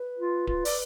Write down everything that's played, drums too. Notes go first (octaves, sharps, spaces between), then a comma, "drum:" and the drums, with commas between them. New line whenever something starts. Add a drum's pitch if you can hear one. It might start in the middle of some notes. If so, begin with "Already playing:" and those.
Already playing: B4
F4
F4, drum: kick D1
D5, drum: open hi-hat